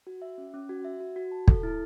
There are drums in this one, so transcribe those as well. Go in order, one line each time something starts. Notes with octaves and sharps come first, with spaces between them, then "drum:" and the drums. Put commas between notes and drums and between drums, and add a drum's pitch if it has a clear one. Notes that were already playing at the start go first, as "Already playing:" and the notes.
F#4
E5
C#4
C#4
F#4
E5
F#4
F#4
A5
A4, drum: kick
E4